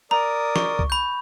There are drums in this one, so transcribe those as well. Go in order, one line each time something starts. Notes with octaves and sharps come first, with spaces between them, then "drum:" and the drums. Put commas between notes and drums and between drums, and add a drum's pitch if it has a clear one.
A#4 D5 A#5 D#6
C#6, drum: snare
drum: kick C2
B5 G6